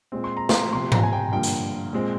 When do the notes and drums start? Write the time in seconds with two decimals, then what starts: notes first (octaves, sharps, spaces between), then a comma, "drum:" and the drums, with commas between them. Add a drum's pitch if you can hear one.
0.12 A#2 G#3 C4
0.24 C6
0.37 A#5
0.49 C6, drum: snare
0.72 C3 F3 C4 C6
0.92 A#5, drum: tom G#2
1.03 G#5
1.13 G5
1.32 G2 D3 F3 A#3 G5
1.43 drum: hi-hat
1.93 A#2 G#3 C4